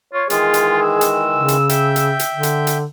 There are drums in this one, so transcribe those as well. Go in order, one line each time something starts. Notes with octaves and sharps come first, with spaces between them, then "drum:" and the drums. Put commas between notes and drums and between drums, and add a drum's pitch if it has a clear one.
F4 C#5
D#3 E3 G#3 F4 G#4, drum: hi-hat
drum: hi-hat
E6
drum: hi-hat
C#3
drum: hi-hat
E5 G5 G6, drum: hi-hat
drum: hi-hat
drum: hi-hat
D3
drum: hi-hat
drum: hi-hat